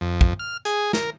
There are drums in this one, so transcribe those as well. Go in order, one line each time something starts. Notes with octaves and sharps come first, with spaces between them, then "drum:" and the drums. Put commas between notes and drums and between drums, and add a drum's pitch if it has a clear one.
F2
drum: kick
F6
G#4, drum: hi-hat
A#4, drum: snare